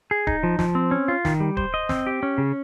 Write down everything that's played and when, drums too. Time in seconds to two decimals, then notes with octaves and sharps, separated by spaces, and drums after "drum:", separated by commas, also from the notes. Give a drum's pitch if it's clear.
0.11 G#4
0.27 D#4, drum: kick D1
0.43 F3
0.59 F3, drum: snare
0.75 C4
0.91 C#4
1.08 F4
1.25 D#3, drum: snare
1.40 G3
1.57 C5, drum: kick D1
1.74 D#5
1.89 C4, drum: snare
2.07 G4
2.23 C#4
2.38 C#3